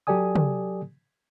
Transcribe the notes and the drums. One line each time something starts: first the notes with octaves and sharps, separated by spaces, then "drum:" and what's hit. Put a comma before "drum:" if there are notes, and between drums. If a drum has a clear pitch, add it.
F#3 G4 A4 D5 G#5 D#6
drum: tom